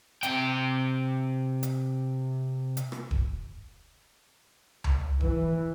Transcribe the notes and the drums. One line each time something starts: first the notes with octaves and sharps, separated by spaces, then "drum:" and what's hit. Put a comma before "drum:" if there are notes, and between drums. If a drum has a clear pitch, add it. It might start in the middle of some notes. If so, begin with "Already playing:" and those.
C3 G5, drum: hi-hat
drum: hi-hat
drum: hi-hat
drum: rim click
drum: kick D#1
drum: tom C#2
E3, drum: kick D#1